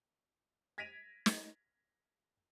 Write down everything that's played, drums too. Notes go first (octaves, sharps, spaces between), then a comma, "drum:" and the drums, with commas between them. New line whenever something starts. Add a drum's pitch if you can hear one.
G#6 A#6 B6 D7 D#7 F7
drum: snare